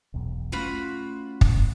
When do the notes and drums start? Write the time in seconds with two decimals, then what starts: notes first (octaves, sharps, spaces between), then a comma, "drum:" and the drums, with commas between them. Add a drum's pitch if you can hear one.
0.14 E1 B1 E2
0.52 A3 C#4 F4 F#4 B5
1.41 drum: kick